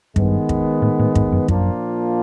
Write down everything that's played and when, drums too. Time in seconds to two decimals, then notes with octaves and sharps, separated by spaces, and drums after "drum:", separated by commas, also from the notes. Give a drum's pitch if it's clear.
0.16 G2 D#3 G#3 B3, drum: kick
0.49 drum: kick
0.82 A2
0.99 A2
1.15 G#2, drum: kick
1.32 F#2
1.48 F#2 A#2 F3 A#3 D4 F4, drum: kick